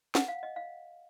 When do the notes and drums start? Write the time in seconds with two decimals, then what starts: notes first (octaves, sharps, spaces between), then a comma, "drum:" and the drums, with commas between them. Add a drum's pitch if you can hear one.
0.15 F#5, drum: snare
0.28 F5
0.43 D#5
0.56 F5